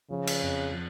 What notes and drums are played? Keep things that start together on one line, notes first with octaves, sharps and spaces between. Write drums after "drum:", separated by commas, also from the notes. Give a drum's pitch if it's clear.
C#3 F3
drum: cymbal
F2
F3